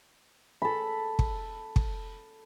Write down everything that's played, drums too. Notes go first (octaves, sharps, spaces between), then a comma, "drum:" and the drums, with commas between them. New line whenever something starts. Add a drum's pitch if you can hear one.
A4 B5
drum: kick
drum: kick